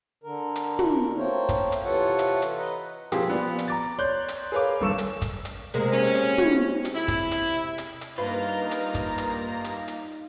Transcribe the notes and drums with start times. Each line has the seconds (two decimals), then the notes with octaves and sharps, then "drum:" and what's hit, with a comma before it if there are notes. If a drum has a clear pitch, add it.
0.24 D3 A#4
0.56 drum: hi-hat
0.79 drum: tom
1.17 A3 A#3 C4 A#4 C5 C#5
1.49 drum: kick, hi-hat
1.72 drum: hi-hat
1.84 C3 E3 F4 A4 C#5 F#5
2.19 drum: hi-hat
2.42 drum: hi-hat
2.58 B4 D#5 A#5
3.12 A#2 F3 C4 G4 G#4, drum: hi-hat
3.28 F3 B3 D5
3.58 drum: hi-hat
3.68 A#5 D6 A6
3.98 C#5 D5 C6 F#6 G6
4.28 drum: hi-hat
4.52 G#4 A#4 B4 C#5 F5 D6
4.81 G#1 G2 A4 C#6 E6 E7
4.98 drum: hi-hat
5.22 drum: kick, hi-hat
5.45 drum: hi-hat
5.74 C3 G#3 A#3
5.93 C#4, drum: hi-hat
6.15 drum: hi-hat
6.38 drum: tom
6.85 drum: hi-hat
6.95 E4
7.08 drum: kick, hi-hat
7.31 drum: hi-hat
7.78 drum: hi-hat
8.01 drum: hi-hat
8.18 G2 A#3 D#4 F4 B4 A#5
8.71 drum: hi-hat
8.94 drum: kick, hi-hat
9.18 drum: hi-hat
9.64 drum: hi-hat
9.88 drum: hi-hat